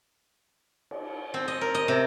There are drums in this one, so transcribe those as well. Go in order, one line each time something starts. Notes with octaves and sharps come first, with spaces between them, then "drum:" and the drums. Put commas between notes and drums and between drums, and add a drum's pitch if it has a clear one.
drum: cymbal
C4
D#5
A#4
D#5
C3